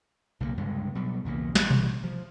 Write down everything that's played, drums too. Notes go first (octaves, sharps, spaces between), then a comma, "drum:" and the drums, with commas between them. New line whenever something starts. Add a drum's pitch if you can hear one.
B1 C#3 F3 A#3
C#2 G2 C3 G#3
B2 F#3 G3
B1 E2 C#3 A#3
A1 G3, drum: snare
drum: tom B2
F3